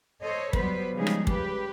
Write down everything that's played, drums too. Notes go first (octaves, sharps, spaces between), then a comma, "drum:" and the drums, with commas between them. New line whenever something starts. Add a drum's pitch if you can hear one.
A4 C5 C#5 D#5
F#3 G3 B3 B4 C5, drum: kick
C#3 F3 G3 G#3 D#4 G#4
drum: rim click
G4 B4, drum: kick